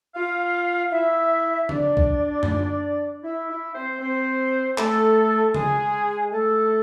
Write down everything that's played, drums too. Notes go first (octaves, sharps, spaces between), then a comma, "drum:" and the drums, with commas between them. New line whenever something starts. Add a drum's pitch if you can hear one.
F4 F5
E4 E5
D4 D5, drum: tom C#3
drum: kick B1
drum: tom
E4 E5
E4 E5
C4 C5
C4 C5
A3 A4, drum: clap
G#3 G#4, drum: tom C#3
A3 A4